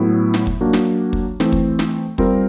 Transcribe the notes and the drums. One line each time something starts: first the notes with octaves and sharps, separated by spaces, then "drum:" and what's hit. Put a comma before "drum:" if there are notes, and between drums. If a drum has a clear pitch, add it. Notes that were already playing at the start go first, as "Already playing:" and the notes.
Already playing: A2 F#3 B3 E4
drum: snare
drum: kick
F#3 A#3 D4 F#4
drum: snare
drum: kick
E3 A3 C4, drum: snare
drum: kick
drum: snare
G3 C4 F4 A#4, drum: kick